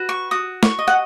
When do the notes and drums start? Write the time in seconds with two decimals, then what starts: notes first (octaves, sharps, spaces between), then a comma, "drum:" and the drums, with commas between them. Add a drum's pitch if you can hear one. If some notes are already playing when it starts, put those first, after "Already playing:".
Already playing: F#4 B4
0.09 C#6
0.31 F#4 D#6
0.63 C#6, drum: snare
0.79 D#5
0.88 F#5